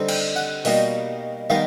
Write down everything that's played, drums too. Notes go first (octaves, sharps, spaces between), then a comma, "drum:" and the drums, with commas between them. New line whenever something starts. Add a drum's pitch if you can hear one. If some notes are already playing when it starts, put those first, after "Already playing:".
Already playing: D3 G3 C4 D#4
G5, drum: cymbal
F#5
B2 G3 A#3 D#4, drum: open hi-hat
D#3 G3 B3 D#4 F5